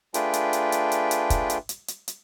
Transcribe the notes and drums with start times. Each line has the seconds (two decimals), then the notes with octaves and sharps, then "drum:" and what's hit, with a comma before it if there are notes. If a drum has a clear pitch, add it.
0.14 A3 D4 F4 G#4 B4 G5, drum: hi-hat
0.34 drum: hi-hat
0.53 drum: hi-hat
0.72 drum: hi-hat
0.92 drum: hi-hat
1.11 drum: hi-hat
1.30 drum: kick, hi-hat
1.50 drum: hi-hat
1.69 drum: hi-hat
1.88 drum: hi-hat
2.08 drum: hi-hat